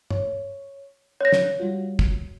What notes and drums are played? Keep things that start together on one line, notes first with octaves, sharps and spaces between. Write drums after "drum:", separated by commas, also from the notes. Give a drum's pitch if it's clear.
C#5, drum: tom G2
C#5 F#6 G6 A#6
drum: snare
G3 F4 F#4
drum: kick